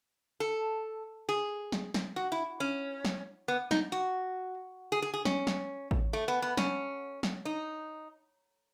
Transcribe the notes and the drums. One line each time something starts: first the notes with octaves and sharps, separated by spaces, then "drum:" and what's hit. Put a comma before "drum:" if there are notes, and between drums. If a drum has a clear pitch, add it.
A4
G#4
drum: snare
drum: snare
F#4
E4
C#4
drum: snare
B3
D#4, drum: snare
F#4
G#4
G#4
G#4
C#4, drum: snare
drum: snare
drum: kick A1
A3
B3
B3
C#4, drum: snare
drum: snare
D#4